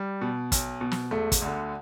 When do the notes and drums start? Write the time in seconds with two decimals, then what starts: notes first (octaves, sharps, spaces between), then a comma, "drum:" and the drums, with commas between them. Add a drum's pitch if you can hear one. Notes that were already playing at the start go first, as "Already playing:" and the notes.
Already playing: G3
0.21 B2
0.52 B1, drum: kick, hi-hat
0.81 B2
0.91 drum: snare
1.11 E1 A3
1.32 drum: kick, hi-hat
1.42 D2 D3